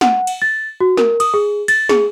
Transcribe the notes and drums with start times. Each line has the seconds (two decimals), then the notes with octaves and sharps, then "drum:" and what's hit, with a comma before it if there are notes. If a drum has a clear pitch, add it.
0.01 F#5, drum: snare
0.27 drum: cymbal
0.42 A6
0.80 F#4
0.97 A#4, drum: snare
1.20 D#6, drum: cymbal
1.34 G#4
1.68 A6, drum: cymbal
1.89 G#4, drum: snare